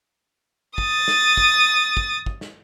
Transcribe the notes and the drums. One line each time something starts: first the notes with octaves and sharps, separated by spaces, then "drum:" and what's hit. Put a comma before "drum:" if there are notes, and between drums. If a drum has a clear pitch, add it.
D#6 A6, drum: kick
drum: snare
drum: kick
drum: kick
drum: kick
drum: snare